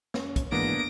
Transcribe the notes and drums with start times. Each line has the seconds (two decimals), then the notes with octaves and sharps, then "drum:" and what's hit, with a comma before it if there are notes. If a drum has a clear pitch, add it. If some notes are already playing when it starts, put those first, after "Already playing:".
0.14 C#4, drum: snare
0.36 drum: kick, hi-hat
0.52 G#2 E3 A#3 B3 D4 A#6 D7